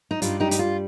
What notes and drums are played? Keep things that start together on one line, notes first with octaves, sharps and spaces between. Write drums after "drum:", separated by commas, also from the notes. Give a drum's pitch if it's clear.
D#4
G2 G3 D#4 F4, drum: hi-hat
D#4 G4
D#4, drum: hi-hat
F4